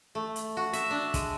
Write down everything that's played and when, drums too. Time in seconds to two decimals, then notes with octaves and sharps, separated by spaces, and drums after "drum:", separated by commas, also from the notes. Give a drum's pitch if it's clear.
0.15 A3
0.36 drum: hi-hat
0.57 F#4
0.73 E5, drum: hi-hat
0.91 D4
1.14 G#3, drum: kick, hi-hat